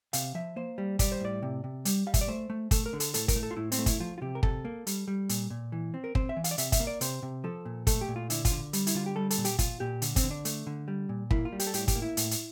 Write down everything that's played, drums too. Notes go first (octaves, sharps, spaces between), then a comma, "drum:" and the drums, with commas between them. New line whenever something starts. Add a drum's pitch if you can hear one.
C3 F5, drum: hi-hat
F3 E5
A#3 C5
G3
G3 D5, drum: kick, hi-hat
C5
A2 D5
C3
C3
G3, drum: hi-hat
G3 F5
E5, drum: kick, hi-hat
D5
A3 C5
A3
A3 A4, drum: kick, hi-hat
A#4
D3
A4, drum: hi-hat
A2 A4, drum: hi-hat
A#4, drum: kick, hi-hat
A3
A4
F4
A2 E4
C4, drum: hi-hat
A3
E4, drum: kick, hi-hat
F3 F4
F4
C3 G4
A#4
C3 A4, drum: kick
A#3
G3, drum: hi-hat
G3
A#2, drum: hi-hat
A#2
E3
C4
A#4
C4 C5, drum: kick
E5
E3
F5, drum: hi-hat
D5
C3 E5, drum: hi-hat
E5, drum: kick, hi-hat
A#3
D5
C3 C5, drum: hi-hat
C3
F3 A4
A#2
A3 A4, drum: kick, hi-hat
G4
A#2
F4
D3 E4, drum: hi-hat
F4, drum: kick, hi-hat
D3
G3, drum: hi-hat
E4, drum: hi-hat
D3 F4
G4
G3 A4
A4, drum: hi-hat
A#2
G4, drum: hi-hat
A#2 F4, drum: kick, hi-hat
A#2 G4
D3, drum: hi-hat
C4, drum: kick, hi-hat
D3
D4
A3, drum: hi-hat
D3
G3
A#2
A#3 E4, drum: kick
F4
G3
G4, drum: hi-hat
A4
A2 G4, drum: hi-hat
G4, drum: kick, hi-hat
A#3
E4
A2, drum: hi-hat
drum: hi-hat